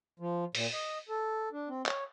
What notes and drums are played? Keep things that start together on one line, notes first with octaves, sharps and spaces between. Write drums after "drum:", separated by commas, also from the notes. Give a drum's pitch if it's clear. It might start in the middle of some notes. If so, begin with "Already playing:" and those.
F3
A#2, drum: open hi-hat
D#5
A4
D4
C4
C#5, drum: clap